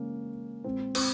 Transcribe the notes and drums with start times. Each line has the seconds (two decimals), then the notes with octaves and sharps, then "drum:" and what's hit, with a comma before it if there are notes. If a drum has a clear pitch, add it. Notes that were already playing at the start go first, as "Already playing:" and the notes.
Already playing: C#3 E3 G#3 A#3 C#4
0.64 A#2 G#3 C4
0.95 C4, drum: cymbal